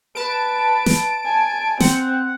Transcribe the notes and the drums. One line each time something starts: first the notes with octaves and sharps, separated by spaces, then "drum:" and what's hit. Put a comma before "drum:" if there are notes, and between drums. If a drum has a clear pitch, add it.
B4 A5 D7
drum: snare
G#5
C4 F#5, drum: snare